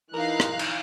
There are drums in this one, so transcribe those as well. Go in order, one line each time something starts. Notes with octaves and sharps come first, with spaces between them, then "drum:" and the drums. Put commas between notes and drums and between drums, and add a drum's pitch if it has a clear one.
E3 D#4 A#4 F5 A#5 F#6
drum: rim click
drum: cymbal